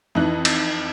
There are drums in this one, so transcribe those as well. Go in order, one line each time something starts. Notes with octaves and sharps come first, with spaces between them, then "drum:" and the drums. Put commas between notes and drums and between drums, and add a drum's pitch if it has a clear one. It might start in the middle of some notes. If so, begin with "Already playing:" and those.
F2 E3 D#4 F#6
drum: cymbal